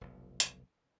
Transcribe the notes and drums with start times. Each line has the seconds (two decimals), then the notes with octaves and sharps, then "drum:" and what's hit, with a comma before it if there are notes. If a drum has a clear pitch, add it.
0.01 F1 B1 F2
0.40 drum: hi-hat